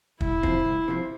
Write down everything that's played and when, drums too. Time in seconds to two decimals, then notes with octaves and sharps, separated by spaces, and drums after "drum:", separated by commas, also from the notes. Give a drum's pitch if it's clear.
0.21 C2 E4, drum: kick
0.43 C3 F3 C4, drum: kick
0.65 C2
0.88 C3 F3 C4